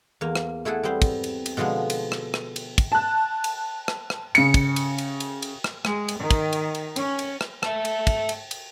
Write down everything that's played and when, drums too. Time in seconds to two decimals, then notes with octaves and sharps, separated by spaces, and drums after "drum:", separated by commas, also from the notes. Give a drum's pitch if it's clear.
0.21 E2 A#3
0.35 drum: rim click
0.65 A3 E4 G#4 A4 F#5
0.83 G3 B3 C4 C5
1.02 drum: kick, cymbal
1.24 drum: cymbal
1.46 drum: cymbal
1.57 B2 D3 F3 G#3 B3
1.90 drum: cymbal
2.12 drum: rim click
2.34 drum: rim click
2.56 drum: cymbal
2.78 drum: kick, cymbal
2.92 A5 F#6
3.44 drum: cymbal
3.88 drum: rim click
4.10 drum: rim click
4.35 C#3 C#7, drum: cymbal
4.54 drum: kick, cymbal
4.76 drum: cymbal
4.98 drum: cymbal
5.20 drum: cymbal
5.42 drum: cymbal
5.64 drum: rim click
5.85 G#3, drum: rim click
6.08 drum: cymbal
6.19 D#3
6.31 drum: kick, cymbal
6.53 drum: cymbal
6.75 drum: cymbal
6.96 C#4, drum: cymbal
7.19 drum: cymbal
7.41 drum: rim click
7.63 E5 A5, drum: rim click
7.85 drum: cymbal
8.07 drum: kick, cymbal
8.29 drum: cymbal
8.51 drum: cymbal